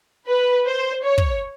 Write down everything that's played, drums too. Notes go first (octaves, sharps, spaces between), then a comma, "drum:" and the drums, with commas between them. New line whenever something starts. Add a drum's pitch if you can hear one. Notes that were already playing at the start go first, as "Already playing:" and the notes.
B4
C5
C#5
drum: kick